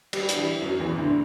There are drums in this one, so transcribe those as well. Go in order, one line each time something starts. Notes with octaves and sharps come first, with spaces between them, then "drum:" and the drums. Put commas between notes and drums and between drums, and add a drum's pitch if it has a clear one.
G3 G4, drum: cymbal
D4, drum: hi-hat
E3 E4
F#2 F#3
E2 E3
D2 D3